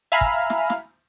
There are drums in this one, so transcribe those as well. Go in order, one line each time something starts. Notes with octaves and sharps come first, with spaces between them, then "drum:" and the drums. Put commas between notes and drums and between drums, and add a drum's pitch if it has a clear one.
E5 F5 G#5 A#5 B5 F6
drum: kick
drum: snare
drum: snare